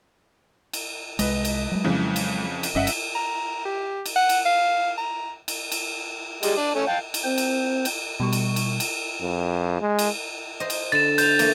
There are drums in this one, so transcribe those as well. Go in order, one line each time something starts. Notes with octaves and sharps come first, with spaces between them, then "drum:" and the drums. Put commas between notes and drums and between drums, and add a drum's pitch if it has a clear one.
drum: cymbal
C2 G#3 B4 D#5, drum: cymbal
drum: cymbal
F#3 G#3
F2 C#3 E3
drum: cymbal
drum: cymbal
F#1 G2 C#4 D#5 E5 F#5
drum: cymbal
A#5
G4
drum: cymbal
F#5
drum: cymbal
F5
A#5
drum: cymbal
drum: cymbal
G3 G#3 D#5, drum: cymbal
D4
A3 C#4 C#5
F5 G5 A5
drum: cymbal
C4 C5
drum: cymbal
drum: cymbal
B2 G3 C#6
drum: cymbal
drum: cymbal
drum: cymbal
F2
G#3
drum: cymbal
C5 D#5
drum: cymbal
D3 A6 E7
C5 G6 F7, drum: cymbal
A3 A#3, drum: cymbal